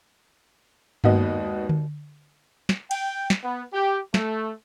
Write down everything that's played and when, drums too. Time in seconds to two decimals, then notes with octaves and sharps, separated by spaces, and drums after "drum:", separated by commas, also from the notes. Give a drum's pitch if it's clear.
1.04 G#1 D#2 B3 F#4 D#5, drum: tom G2
1.69 drum: tom D3
2.69 drum: snare
2.91 G5, drum: cymbal
3.30 drum: snare
3.43 B3
3.73 G4
4.14 A3, drum: snare